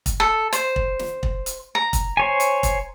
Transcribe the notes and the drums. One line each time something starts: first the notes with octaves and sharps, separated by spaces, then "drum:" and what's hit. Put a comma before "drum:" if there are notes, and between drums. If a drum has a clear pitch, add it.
drum: kick, hi-hat
A4
C5, drum: hi-hat
drum: kick
drum: snare
drum: kick
drum: hi-hat
A#5
drum: kick, hi-hat
C5 C#5 G#5
drum: hi-hat
drum: kick, hi-hat